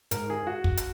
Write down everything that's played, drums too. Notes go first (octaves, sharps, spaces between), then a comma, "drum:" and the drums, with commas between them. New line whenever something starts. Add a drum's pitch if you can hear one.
G#2 A#4, drum: hi-hat
G#4
F#4
drum: kick
drum: hi-hat